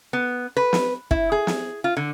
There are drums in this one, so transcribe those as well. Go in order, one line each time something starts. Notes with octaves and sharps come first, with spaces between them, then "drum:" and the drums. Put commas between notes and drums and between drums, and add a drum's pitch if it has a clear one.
B3
B4
drum: snare
E4, drum: kick
G#4
drum: snare
F4
D3